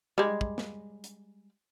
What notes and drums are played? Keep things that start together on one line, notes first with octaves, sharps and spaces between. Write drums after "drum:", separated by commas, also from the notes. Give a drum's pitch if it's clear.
G3 G#3, drum: tom G3
drum: kick
drum: snare
drum: hi-hat